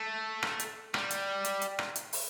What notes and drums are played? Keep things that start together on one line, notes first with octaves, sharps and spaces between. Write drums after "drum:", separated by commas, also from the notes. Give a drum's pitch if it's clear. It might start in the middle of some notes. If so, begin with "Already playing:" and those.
Already playing: A3
drum: rim click
drum: hi-hat
G3, drum: rim click
drum: hi-hat
drum: hi-hat
drum: hi-hat
drum: rim click
drum: hi-hat
drum: open hi-hat